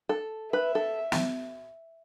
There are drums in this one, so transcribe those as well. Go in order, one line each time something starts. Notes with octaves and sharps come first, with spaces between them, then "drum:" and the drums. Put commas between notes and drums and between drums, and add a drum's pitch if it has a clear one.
A4
B4 E5
A4
drum: snare